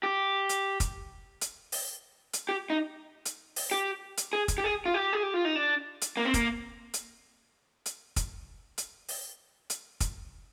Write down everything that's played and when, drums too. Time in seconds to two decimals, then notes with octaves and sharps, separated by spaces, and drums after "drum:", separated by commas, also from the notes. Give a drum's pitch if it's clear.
0.03 G4
0.49 drum: hi-hat
0.80 drum: kick, hi-hat
1.41 drum: hi-hat
1.72 drum: open hi-hat
2.33 drum: hi-hat
2.49 G4
2.70 D#4
3.26 drum: hi-hat
3.56 drum: open hi-hat
3.71 G4
4.18 drum: hi-hat
4.33 G#4
4.48 drum: kick, hi-hat
4.58 G4
4.64 G#4
4.85 F4
4.94 G4
5.13 G#4
5.23 G4
5.34 F4
5.45 D#4
5.56 D4
6.02 drum: hi-hat
6.17 A#3
6.25 C4
6.34 A#3, drum: kick, hi-hat
6.94 drum: hi-hat
7.86 drum: hi-hat
8.16 drum: kick, hi-hat
8.78 drum: hi-hat
9.08 drum: open hi-hat
9.70 drum: hi-hat
10.01 drum: kick, hi-hat